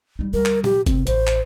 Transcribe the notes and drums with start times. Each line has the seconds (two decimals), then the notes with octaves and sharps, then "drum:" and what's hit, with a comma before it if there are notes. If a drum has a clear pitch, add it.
0.19 G3 D#4
0.34 D2 G3 A#4
0.46 drum: clap
0.64 G4, drum: tom A#2
0.86 C2 C4, drum: kick, hi-hat
1.07 A1 C5, drum: hi-hat
1.27 drum: clap